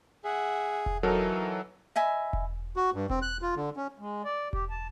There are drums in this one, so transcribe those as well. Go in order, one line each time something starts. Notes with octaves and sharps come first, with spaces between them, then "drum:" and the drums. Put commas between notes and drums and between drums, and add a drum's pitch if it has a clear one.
G#4 E5 F#5
drum: kick E1
E3 F#3 D#4 A4 A#4
D#5 E5 G#5 B5
drum: kick E1
F#4
G2
C4, drum: kick E1
F#6
F4
D3
C#4
G#3
D5
G4, drum: kick E1
A5